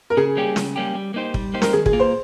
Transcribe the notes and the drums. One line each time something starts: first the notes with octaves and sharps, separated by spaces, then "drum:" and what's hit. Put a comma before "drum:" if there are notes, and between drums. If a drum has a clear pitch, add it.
A#4
C#3 G#4
G3 A#3 C#4 G4
C#3, drum: snare
G3 A#3 C#4 G4
G3
A#3 D#4 G4 C5
G3, drum: kick
A#3 D#4 G4 C5
A#4, drum: snare
D#3 G#4
G#4, drum: kick
A#3 F4
C5